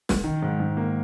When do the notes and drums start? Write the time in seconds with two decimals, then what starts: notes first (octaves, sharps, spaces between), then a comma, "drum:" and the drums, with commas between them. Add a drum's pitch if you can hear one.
0.09 drum: snare
0.24 D#3
0.42 G#2
0.60 G#2
0.77 A#3